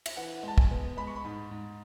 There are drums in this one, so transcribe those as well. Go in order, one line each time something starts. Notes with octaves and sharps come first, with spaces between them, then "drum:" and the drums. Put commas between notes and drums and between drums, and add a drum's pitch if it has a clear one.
E5, drum: cymbal
E3 F#5
G#3 A5
G#5, drum: kick
B3
G#3 B5
C#6
B5
G#2
G#2